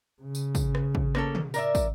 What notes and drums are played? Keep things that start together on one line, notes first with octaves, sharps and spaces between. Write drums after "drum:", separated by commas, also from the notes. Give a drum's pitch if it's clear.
C#3
drum: tambourine
drum: kick, tambourine
drum: rim click
drum: kick
A#3 C#4 A4, drum: rim click
drum: tom
A#4 D5 E5, drum: tambourine
drum: kick, tambourine